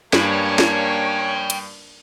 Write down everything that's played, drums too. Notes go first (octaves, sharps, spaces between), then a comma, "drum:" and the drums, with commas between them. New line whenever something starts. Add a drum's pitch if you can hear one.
G2 A#3 C#4 D4 C#5 G5 B5, drum: snare
drum: snare
drum: cymbal